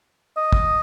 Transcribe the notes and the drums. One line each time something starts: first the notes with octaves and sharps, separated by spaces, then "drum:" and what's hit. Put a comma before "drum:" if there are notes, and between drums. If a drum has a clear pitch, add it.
D#5
drum: kick